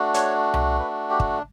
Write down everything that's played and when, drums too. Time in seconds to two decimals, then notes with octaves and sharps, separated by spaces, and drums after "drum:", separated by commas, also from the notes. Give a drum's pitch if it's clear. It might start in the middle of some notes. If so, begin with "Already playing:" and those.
Already playing: A3 D4 F#4
0.14 C#5, drum: hi-hat
0.54 drum: tom C2
0.79 B4
1.10 G4
1.20 drum: kick